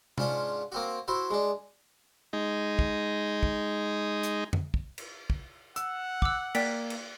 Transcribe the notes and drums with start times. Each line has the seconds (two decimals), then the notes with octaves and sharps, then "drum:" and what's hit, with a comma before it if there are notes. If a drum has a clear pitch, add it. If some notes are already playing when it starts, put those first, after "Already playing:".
0.18 G#2 C#4 D4 F4 F#5, drum: tom C3
0.72 A#3 C4 F#4
1.08 E4 F#4 C5
1.30 G#3 D4
2.33 G#3 D#4
2.79 drum: kick
3.43 drum: kick
4.23 drum: hi-hat
4.53 drum: tom F2
4.74 drum: kick
4.98 drum: cymbal
5.30 drum: kick
5.76 F#5 E6, drum: hi-hat
6.22 D6 E6 F#6, drum: kick
6.55 A#3 D5 G5 B6, drum: cymbal
6.90 drum: cymbal